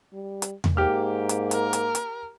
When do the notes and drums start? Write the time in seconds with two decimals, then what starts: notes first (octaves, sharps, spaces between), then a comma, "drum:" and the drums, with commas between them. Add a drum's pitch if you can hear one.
0.13 G3
0.42 drum: hi-hat
0.64 drum: tom E2
0.77 G#2 A#3 G4 F6
1.29 drum: hi-hat
1.51 A#4, drum: hi-hat
1.73 drum: hi-hat
1.95 drum: hi-hat